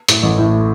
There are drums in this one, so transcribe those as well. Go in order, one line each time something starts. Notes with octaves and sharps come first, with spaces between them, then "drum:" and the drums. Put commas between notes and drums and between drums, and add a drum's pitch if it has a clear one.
A2, drum: hi-hat
A1
A2